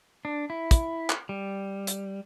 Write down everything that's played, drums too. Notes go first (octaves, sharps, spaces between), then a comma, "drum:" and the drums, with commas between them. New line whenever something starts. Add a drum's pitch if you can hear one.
D4
E4
drum: kick, hi-hat
drum: clap
G3
drum: hi-hat